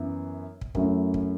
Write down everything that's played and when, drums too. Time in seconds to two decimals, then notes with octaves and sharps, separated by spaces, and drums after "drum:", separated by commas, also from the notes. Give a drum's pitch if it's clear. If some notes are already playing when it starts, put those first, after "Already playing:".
Already playing: F#2 E3 B3 E4
0.61 drum: kick
0.75 F#2 F#3 A3 E4, drum: kick
1.14 drum: kick